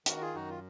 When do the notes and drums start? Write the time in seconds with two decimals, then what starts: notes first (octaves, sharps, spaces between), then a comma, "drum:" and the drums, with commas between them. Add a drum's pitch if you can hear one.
0.06 D#3 F#4 A#4, drum: hi-hat
0.21 F4 G#4
0.34 F#2 D#4 F#4
0.50 F4